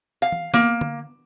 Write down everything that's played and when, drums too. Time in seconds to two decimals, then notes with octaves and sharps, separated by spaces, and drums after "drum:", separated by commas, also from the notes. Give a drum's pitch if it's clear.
0.22 F5
0.32 drum: tom E3
0.54 A#3, drum: snare
0.81 drum: tom D3